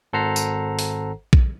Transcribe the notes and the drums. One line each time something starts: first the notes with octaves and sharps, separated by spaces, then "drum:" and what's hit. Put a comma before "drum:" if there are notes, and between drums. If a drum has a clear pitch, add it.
G#1 A4 C5 F#5 A#5 C7
drum: tambourine
drum: open hi-hat
drum: kick A#1